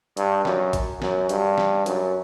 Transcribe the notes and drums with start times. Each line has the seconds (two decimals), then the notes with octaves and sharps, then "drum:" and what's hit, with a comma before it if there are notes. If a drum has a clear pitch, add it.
0.17 G2, drum: hi-hat
0.45 F#2, drum: snare
0.73 drum: kick, hi-hat
1.02 F#2, drum: snare
1.29 G2, drum: hi-hat
1.58 drum: snare
1.86 F#2, drum: hi-hat